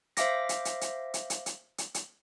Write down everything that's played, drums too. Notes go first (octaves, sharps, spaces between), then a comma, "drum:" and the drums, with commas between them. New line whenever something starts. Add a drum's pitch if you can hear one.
C5 E5 F5 D6 A#6, drum: hi-hat
drum: hi-hat
drum: hi-hat
drum: hi-hat
drum: hi-hat
drum: hi-hat
drum: hi-hat
drum: hi-hat
drum: hi-hat